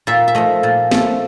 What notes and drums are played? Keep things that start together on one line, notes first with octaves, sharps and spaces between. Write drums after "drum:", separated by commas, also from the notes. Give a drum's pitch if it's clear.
A#2 E5
E5
F3 A3 D#5
A#2
F3 A3, drum: snare